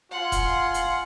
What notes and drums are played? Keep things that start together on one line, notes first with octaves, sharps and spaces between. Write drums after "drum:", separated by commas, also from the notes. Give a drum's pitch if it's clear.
F4 F#5 G#5 C6
drum: kick E1, hi-hat
drum: hi-hat